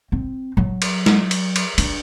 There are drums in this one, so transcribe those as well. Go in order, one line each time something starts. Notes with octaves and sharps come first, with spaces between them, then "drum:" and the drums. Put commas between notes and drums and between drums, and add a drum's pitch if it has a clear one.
C4
F#3
drum: cymbal
drum: snare
drum: cymbal
drum: cymbal
D4, drum: cymbal